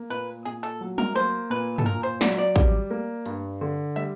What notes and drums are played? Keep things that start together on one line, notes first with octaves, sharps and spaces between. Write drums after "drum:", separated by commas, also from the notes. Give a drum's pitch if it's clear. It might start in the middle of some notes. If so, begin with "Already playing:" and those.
Already playing: A#3
A#2 B4
A#2 G#4
A4
F#3
A#4, drum: tom
A#3 C5
A#2 B4
A4, drum: tom
A#2 A#4
C5
F#3 D5, drum: snare
D5
G3, drum: kick
A#3
G2, drum: hi-hat
D3
G3 E5